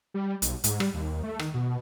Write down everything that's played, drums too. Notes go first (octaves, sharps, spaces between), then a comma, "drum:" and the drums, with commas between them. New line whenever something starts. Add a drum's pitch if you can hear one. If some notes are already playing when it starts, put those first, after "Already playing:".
G3
B1, drum: hi-hat
G#2, drum: hi-hat
G3, drum: rim click
D#2
A3
D#3, drum: rim click
B2